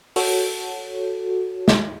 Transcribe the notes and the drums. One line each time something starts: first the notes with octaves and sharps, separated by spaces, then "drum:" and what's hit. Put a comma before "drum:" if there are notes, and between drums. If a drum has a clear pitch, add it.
F#4 A4 C#5, drum: open hi-hat
drum: snare